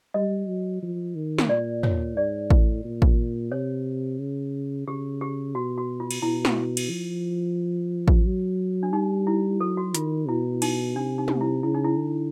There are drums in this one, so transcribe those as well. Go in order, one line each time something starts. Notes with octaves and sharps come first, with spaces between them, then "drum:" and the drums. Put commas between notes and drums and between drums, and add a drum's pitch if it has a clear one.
G3 D#5
F#3
F3
D#3
drum: snare
A#2 D5
C#5, drum: tom
G#2 D5
A2, drum: kick A1
A#2
drum: kick A1
C3 C#5
C#3
C#3 G4
G4
B2 F#4
F#4
F4
drum: cymbal
B2 E4
drum: snare
drum: cymbal
F3
drum: kick A1
F#3
D4
G3 D#4
E4
F#3 A4
F#4
D#3 F4, drum: hi-hat
B2 E4
D#4, drum: cymbal
C3 D4
D#4
drum: tom
E4
C#3 E4
D#4
E4
D3